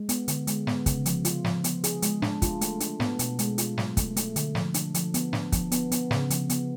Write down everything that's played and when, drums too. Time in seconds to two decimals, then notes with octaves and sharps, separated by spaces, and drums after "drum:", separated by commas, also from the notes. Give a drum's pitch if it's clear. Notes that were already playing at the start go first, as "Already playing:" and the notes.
Already playing: G#3
0.09 B3, drum: hi-hat
0.28 D3, drum: hi-hat
0.47 G#3, drum: hi-hat
0.67 B3, drum: snare
0.86 C#3, drum: kick, hi-hat
1.06 F3, drum: hi-hat
1.25 F4, drum: hi-hat
1.45 F3, drum: snare
1.64 B3, drum: hi-hat
1.84 G#4, drum: hi-hat
2.02 G#3, drum: hi-hat
2.22 D4, drum: snare
2.42 F4, drum: kick, hi-hat
2.61 A3, drum: hi-hat
2.80 D4, drum: hi-hat
3.00 B3, drum: snare
3.19 B2, drum: hi-hat
3.39 G#3, drum: hi-hat
3.58 F4, drum: hi-hat
3.78 F#3, drum: snare
3.97 A3, drum: kick, hi-hat
4.17 A3, drum: hi-hat
4.36 D3, drum: hi-hat
4.55 F3, drum: snare
4.74 D4, drum: hi-hat
4.94 F3, drum: hi-hat
5.14 B3, drum: hi-hat
5.33 D4, drum: snare
5.52 F3, drum: kick, hi-hat
5.72 B3, drum: hi-hat
5.92 B3, drum: hi-hat
6.11 C#3, drum: snare
6.30 F3, drum: hi-hat
6.50 B3, drum: hi-hat